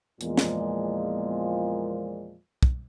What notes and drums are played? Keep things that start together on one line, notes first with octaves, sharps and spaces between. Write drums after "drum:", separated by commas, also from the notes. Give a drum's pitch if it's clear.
E2 A#2 F3 G#3, drum: hi-hat
drum: snare
drum: kick